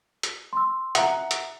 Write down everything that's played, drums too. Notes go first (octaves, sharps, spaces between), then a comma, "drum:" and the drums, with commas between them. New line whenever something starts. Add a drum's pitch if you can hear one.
drum: hi-hat
C6 E6
E5 F#5 A#5, drum: hi-hat
drum: hi-hat